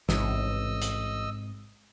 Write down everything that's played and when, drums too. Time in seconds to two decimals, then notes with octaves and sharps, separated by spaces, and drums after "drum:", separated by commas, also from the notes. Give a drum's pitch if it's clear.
0.09 A1 G#2 C3 D#5 E6, drum: snare
0.82 drum: hi-hat